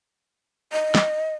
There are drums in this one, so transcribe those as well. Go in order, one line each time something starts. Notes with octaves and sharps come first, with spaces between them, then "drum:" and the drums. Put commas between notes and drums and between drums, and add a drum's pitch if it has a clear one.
D#5
drum: snare